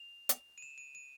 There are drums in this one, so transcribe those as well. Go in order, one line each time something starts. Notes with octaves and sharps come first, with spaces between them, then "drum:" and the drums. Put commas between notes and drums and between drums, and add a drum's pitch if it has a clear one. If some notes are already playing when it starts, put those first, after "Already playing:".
Already playing: F7
drum: hi-hat
D#7
E7
D#7
D#7